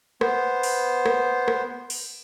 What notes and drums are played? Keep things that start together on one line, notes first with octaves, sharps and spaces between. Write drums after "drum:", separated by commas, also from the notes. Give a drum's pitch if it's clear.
B3 C5, drum: rim click
drum: open hi-hat
drum: rim click
drum: rim click
drum: open hi-hat